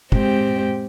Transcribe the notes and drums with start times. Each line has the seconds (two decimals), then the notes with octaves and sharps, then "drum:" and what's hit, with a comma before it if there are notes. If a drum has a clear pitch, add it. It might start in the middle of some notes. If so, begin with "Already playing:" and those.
0.12 G#3 C4 G4, drum: kick